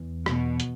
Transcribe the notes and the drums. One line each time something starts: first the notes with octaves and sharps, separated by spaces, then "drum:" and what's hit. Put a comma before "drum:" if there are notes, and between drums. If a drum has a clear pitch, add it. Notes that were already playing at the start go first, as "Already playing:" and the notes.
Already playing: E2
B2, drum: rim click
drum: hi-hat